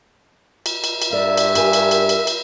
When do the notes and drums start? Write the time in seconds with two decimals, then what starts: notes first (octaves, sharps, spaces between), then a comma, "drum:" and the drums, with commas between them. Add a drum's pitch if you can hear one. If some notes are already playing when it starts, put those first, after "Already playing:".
0.66 drum: cymbal
0.84 drum: cymbal
1.02 drum: cymbal
1.13 G2 A#4 D5 E5
1.37 drum: cymbal
1.55 G4 A#4 G#5, drum: cymbal
1.73 drum: cymbal
1.91 drum: cymbal
2.09 drum: cymbal
2.27 drum: cymbal